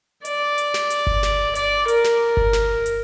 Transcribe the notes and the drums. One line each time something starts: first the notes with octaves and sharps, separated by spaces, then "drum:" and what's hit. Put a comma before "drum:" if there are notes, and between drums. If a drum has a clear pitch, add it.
D5, drum: hi-hat
drum: hi-hat
drum: snare
drum: hi-hat
drum: kick G1
drum: snare
D5, drum: hi-hat
A#4, drum: hi-hat
drum: snare
drum: kick G1
drum: snare
drum: hi-hat